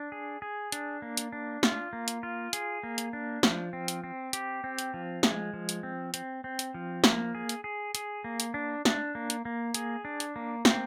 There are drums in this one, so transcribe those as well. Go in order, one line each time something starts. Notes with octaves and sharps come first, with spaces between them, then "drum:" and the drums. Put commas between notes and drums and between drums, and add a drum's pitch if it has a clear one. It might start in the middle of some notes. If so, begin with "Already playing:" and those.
Already playing: D4
G#4
G#4
D4, drum: hi-hat
A#3
drum: hi-hat
D4
F4, drum: snare
A#3
drum: hi-hat
F4
G#4, drum: hi-hat
A#3
drum: hi-hat
D4
F3, drum: snare
C4
drum: hi-hat
C4
G4, drum: hi-hat
C4
drum: hi-hat
F3
G#3, drum: snare
F3
drum: hi-hat
C4
C4, drum: hi-hat
C4
drum: hi-hat
F3
A#3, drum: snare
G#4
drum: hi-hat
G#4
G#4, drum: hi-hat
A#3
drum: hi-hat
D4
D4, drum: snare
A#3
drum: hi-hat
A#3
G#4, drum: hi-hat
D4
drum: hi-hat
A#3
C4, drum: snare